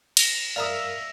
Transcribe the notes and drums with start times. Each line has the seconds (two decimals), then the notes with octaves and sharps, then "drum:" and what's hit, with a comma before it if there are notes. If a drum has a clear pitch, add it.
0.17 A#6 E7 F7, drum: cymbal
0.56 F#2 A#4 D5 E5 F5 A#5 D#6